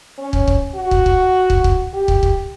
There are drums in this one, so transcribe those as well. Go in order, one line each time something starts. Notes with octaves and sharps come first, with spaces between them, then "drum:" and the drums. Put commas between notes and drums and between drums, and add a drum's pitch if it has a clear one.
C#4
drum: kick
drum: kick
F#4
drum: kick
drum: kick
drum: kick
drum: kick
G4
drum: kick
drum: kick